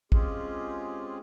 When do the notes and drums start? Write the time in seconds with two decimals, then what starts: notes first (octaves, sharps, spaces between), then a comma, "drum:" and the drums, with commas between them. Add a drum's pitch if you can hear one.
0.12 G#3 C4 C#4 F4 G4 G#4, drum: kick